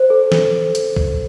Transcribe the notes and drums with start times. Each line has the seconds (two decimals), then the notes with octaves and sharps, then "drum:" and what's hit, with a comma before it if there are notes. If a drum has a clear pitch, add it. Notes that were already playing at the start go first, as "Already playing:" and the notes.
Already playing: C5
0.10 A4
0.32 drum: snare
0.75 drum: hi-hat
0.97 drum: kick B1